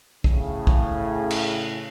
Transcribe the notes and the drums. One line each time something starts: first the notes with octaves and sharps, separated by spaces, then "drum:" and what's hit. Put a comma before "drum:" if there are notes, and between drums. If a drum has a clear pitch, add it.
A2 C#3, drum: kick
drum: kick
drum: cymbal